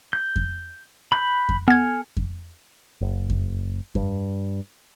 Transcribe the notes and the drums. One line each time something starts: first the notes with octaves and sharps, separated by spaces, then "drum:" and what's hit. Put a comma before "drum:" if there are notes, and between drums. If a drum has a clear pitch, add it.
G6
drum: kick F2
B5 F#6 G6
drum: kick F2
B3 A4 G#5 F6 G#6
drum: kick F2
F#1
drum: kick F2
G2, drum: kick F2